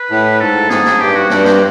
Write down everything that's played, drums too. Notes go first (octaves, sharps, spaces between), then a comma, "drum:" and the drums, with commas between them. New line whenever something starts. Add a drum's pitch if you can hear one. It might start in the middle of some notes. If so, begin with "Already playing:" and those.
Already playing: B4
A2
G#2 A4
G#2 G#4, drum: snare
drum: snare
G2 G4
F#4
G2 F#4, drum: snare
C5, drum: snare